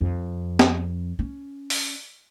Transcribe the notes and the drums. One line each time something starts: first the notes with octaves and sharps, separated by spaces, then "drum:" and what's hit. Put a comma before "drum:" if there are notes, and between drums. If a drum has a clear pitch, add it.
F2
drum: snare
C#4
drum: open hi-hat